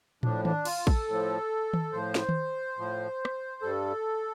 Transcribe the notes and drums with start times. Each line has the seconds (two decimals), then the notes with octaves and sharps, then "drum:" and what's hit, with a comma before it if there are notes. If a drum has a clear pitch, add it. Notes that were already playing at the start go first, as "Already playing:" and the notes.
0.23 A2 F3 D4, drum: tom
0.45 D4, drum: tom D#3
0.65 F4, drum: cymbal
0.87 A4, drum: kick
1.08 A2 F3
1.73 drum: tom D#3
1.93 A2 F3 C5
2.15 drum: snare
2.29 drum: tom D#3
2.78 A2 F3
3.25 drum: rim click
3.62 G2 G3 A4